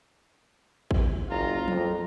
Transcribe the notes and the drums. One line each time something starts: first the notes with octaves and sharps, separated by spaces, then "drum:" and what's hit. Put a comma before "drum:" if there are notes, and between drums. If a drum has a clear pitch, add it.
drum: kick
F#1 F4 A#5
F2, drum: tom F3